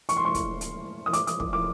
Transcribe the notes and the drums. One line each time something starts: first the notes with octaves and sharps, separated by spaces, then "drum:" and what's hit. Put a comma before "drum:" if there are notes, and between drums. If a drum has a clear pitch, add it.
C#6, drum: hi-hat
C6
C#6
drum: kick, hi-hat
drum: hi-hat
D#6
D6, drum: hi-hat
D#6, drum: hi-hat
D6, drum: kick
D6